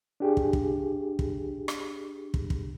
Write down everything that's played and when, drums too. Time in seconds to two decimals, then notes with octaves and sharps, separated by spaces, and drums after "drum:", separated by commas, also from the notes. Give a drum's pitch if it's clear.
0.20 D4 G4 G#4
0.37 drum: kick
0.53 drum: kick
1.19 drum: kick
1.68 drum: rim click
2.34 drum: kick
2.50 drum: kick